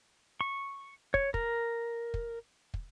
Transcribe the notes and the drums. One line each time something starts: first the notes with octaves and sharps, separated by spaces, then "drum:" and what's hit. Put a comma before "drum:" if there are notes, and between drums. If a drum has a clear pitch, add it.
C#6
C#5, drum: kick
A#4, drum: kick
drum: kick
drum: kick